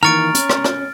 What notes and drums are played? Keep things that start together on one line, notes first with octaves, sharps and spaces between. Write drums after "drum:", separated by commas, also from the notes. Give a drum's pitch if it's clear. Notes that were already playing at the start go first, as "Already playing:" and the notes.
D#3 E3 A#3 A#5 C#6 F6 A6 D7
C#4, drum: hi-hat
drum: rim click
drum: rim click